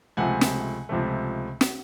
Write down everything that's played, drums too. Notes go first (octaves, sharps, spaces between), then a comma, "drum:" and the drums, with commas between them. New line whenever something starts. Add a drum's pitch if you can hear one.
C#2 C3 F3 A3 F#5 G#5
drum: snare
C#2 C3 F3 A3
drum: snare